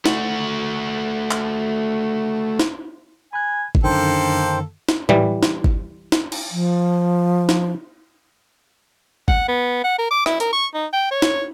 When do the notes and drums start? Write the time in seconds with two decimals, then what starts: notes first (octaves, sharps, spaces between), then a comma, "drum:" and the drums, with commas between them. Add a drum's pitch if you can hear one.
0.06 A3 F#4, drum: snare
1.31 drum: clap
2.59 drum: snare
3.33 G#5 B5 F#6
3.75 drum: kick
3.84 F#2 D3 D#3 A#3 D4 A4 C5 G5
4.89 drum: snare
5.09 E3 G3, drum: tom A2
5.43 drum: snare
5.64 drum: kick
6.12 drum: snare
6.32 drum: cymbal
6.51 F3
7.49 drum: snare
9.28 F#5, drum: kick
9.48 B3
9.84 F#5
9.99 A#4
10.11 D6
10.26 E4, drum: rim click
10.40 A#4, drum: hi-hat
10.53 C#6
10.74 D#4
10.93 G5
11.11 C#5
11.22 drum: snare